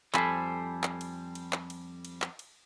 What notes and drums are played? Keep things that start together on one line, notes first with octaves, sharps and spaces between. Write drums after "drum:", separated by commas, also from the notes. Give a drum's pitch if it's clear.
F2 G3 A4 C5 G#5 B5, drum: clap
drum: clap
drum: cymbal
drum: cymbal
drum: clap
drum: cymbal
drum: cymbal
drum: clap
drum: cymbal